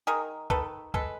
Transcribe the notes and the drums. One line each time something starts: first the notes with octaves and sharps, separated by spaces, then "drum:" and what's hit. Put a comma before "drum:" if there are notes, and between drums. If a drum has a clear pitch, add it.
D#3 G#4 A#4
D#3 A4 B4, drum: kick
G#3 A4 B4, drum: kick